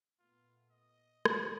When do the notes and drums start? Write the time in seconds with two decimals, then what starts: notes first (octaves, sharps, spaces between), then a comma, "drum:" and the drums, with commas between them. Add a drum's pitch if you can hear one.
0.19 A#2 A3 B3 F4
0.70 D#5
1.25 D2 A#3, drum: rim click